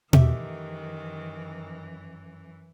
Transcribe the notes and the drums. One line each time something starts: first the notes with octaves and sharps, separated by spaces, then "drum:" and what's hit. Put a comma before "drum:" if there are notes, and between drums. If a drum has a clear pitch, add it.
F#2 D#3 E3 A3 G4 E5, drum: tom B2